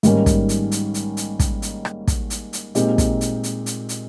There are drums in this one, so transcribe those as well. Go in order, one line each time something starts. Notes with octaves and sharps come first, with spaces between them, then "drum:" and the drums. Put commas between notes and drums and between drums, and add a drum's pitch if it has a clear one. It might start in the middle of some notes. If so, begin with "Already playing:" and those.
G#2 D#3 G3 A#3 C#4, drum: hi-hat
drum: kick, hi-hat
drum: hi-hat
drum: hi-hat
drum: hi-hat
drum: hi-hat
drum: kick, hi-hat
drum: hi-hat
drum: rim click
drum: kick, hi-hat
drum: hi-hat
drum: hi-hat
A#2 G#3 C4 D#4 G4, drum: hi-hat
drum: kick, hi-hat
drum: hi-hat
drum: hi-hat
drum: hi-hat
drum: hi-hat